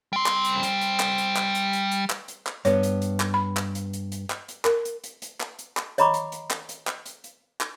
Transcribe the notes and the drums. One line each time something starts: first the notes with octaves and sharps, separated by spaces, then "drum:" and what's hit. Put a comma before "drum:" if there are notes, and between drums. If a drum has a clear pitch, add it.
G3 C6
drum: clap
drum: hi-hat
drum: hi-hat
drum: hi-hat
drum: clap
drum: hi-hat
drum: clap
drum: hi-hat
drum: hi-hat
drum: hi-hat
drum: clap
drum: hi-hat
drum: clap
G2 B3 C#5, drum: hi-hat
drum: hi-hat
drum: hi-hat
drum: clap
B5
drum: clap
drum: hi-hat
drum: hi-hat
drum: hi-hat
drum: clap
drum: hi-hat
A#4, drum: clap
drum: hi-hat
drum: hi-hat
drum: hi-hat
drum: clap
drum: hi-hat
drum: clap
C#5 D#5 A#5 B5 C#6 D6, drum: hi-hat
drum: hi-hat
drum: hi-hat
drum: clap
drum: hi-hat
drum: clap
drum: hi-hat
drum: hi-hat
drum: clap